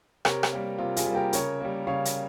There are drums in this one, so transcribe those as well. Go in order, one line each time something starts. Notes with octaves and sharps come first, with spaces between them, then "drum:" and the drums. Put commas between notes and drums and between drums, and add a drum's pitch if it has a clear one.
C3 A#4 C#5, drum: rim click
drum: rim click
G3 A#3
C3 F4
F4 G#4, drum: hi-hat
G3
A#3 G4 A#4
C#3 A#4 C#5, drum: hi-hat
G3 A#3
C#3 C#5 F5
drum: hi-hat